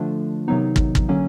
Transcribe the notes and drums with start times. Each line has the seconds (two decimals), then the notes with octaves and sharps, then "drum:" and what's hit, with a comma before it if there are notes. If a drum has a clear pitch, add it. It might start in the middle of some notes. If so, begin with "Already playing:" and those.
Already playing: D3 F3 A3 D4 F4
0.48 C3 D#3 F#3 B3 D#4
0.76 drum: kick
0.95 drum: kick
1.09 D3 F#3 A#3 C#4